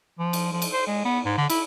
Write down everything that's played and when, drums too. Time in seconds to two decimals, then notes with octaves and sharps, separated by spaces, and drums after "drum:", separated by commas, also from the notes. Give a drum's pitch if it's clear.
0.19 F3
0.33 drum: cymbal
0.52 F3
0.62 drum: cymbal
0.72 C5
0.87 G#3
1.05 B3
1.25 G#2
1.37 D3
1.50 E4, drum: cymbal